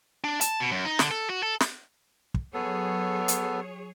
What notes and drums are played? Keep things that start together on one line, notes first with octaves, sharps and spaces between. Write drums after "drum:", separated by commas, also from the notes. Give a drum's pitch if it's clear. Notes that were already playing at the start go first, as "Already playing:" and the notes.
D4
A5, drum: hi-hat
B2
F#2
D#4
D3, drum: snare
A4
F#4
A4
drum: snare
drum: kick
F#3 B3 G#4 A4 C#5
drum: hi-hat